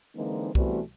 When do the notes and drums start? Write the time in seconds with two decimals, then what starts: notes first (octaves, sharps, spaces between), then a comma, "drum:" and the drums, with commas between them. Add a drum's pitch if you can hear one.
0.16 D3 E3 G#3 A#3 C4 D#4
0.55 E3 G3 A3 B3 C4 F#4, drum: kick C2